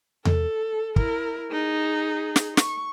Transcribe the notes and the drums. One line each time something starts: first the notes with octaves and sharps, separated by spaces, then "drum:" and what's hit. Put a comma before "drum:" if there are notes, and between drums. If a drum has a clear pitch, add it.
A4, drum: tom E2
E4 A#4, drum: kick
D#4 G#4
drum: snare
C#6, drum: snare